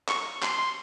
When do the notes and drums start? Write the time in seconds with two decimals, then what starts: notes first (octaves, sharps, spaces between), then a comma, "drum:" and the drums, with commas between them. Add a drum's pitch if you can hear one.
0.08 C#6, drum: clap
0.43 C6, drum: clap